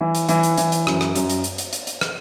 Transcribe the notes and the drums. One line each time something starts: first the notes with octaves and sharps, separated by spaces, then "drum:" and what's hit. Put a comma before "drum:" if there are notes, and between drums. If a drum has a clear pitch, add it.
E3
drum: hi-hat
E3, drum: hi-hat
drum: hi-hat
E3, drum: hi-hat
drum: hi-hat
F#2, drum: rim click
drum: rim click
F#2, drum: hi-hat
drum: hi-hat
drum: hi-hat
drum: hi-hat
drum: hi-hat
drum: hi-hat
drum: rim click